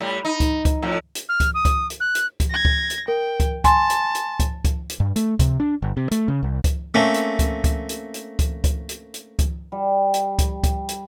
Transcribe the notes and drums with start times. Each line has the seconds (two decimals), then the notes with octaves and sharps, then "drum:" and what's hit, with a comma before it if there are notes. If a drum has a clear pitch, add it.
0.01 A2 G3
0.25 D#4
0.40 drum: kick C#2, hi-hat
0.65 drum: kick C#2, hi-hat
0.82 F2 A2 F3
1.15 drum: hi-hat
1.29 F6
1.40 drum: kick C#2, hi-hat
1.54 D#6
1.65 drum: kick C#2, hi-hat
1.90 drum: hi-hat
2.00 F#6
2.15 drum: hi-hat
2.40 drum: kick C#2, hi-hat
2.50 G#6 A#6
2.65 drum: kick C#2
2.90 drum: hi-hat
3.08 A#4 G5
3.40 drum: kick C#2, hi-hat
3.64 G#5 A5 C6, drum: kick C#2, hi-hat
3.90 drum: hi-hat
4.15 drum: hi-hat
4.40 drum: kick C#2, hi-hat
4.65 drum: kick C#2, hi-hat
4.89 drum: hi-hat
5.00 G2
5.16 A3, drum: hi-hat
5.39 C3, drum: kick C#2, hi-hat
5.60 D4
5.82 G1
5.97 C3
6.11 A3, drum: hi-hat
6.28 C#3
6.43 C2
6.64 drum: kick C#2, hi-hat
6.94 A3 A#3 C4 C#4
7.14 drum: hi-hat
7.39 drum: kick C#2, hi-hat
7.64 drum: kick C#2, hi-hat
7.89 drum: hi-hat
8.14 drum: hi-hat
8.39 drum: kick C#2, hi-hat
8.64 drum: kick C#2, hi-hat
8.89 drum: hi-hat
9.14 drum: hi-hat
9.39 drum: kick C#2, hi-hat
9.72 G3
10.14 drum: hi-hat
10.39 drum: kick C#2, hi-hat
10.64 drum: kick C#2, hi-hat
10.89 drum: hi-hat